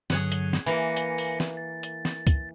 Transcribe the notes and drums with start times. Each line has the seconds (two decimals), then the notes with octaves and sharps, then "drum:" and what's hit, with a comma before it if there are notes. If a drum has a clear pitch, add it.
0.10 G2 D3 F#3 G#4 C#5 F#5, drum: snare
0.32 drum: hi-hat
0.53 drum: snare
0.66 E3 A#3 G#5 A#6 C#7
0.97 drum: hi-hat
1.18 drum: open hi-hat
1.40 drum: snare
1.57 A6
1.83 drum: hi-hat
2.05 drum: snare
2.27 drum: kick C#2, hi-hat